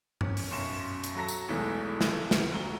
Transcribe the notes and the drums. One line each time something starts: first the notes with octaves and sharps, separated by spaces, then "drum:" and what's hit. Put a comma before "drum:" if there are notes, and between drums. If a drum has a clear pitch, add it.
C#4, drum: tom G2
drum: open hi-hat
B1 F#2 C6 C#6 E7
drum: hi-hat
F#3 A4 A#5 A#6
drum: tambourine
B1 E2 E3 F#3 G#3 A3
drum: snare
F1, drum: snare
D2 F#3 A#5 G7